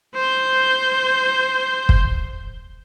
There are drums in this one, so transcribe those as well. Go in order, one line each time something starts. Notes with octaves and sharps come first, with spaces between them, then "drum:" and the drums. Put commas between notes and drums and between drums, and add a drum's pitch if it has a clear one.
C5 G6
drum: kick